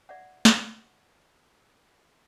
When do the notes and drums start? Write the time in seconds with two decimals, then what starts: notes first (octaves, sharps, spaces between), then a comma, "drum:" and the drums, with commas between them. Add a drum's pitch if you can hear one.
0.09 D5 E5 F#5
0.45 drum: snare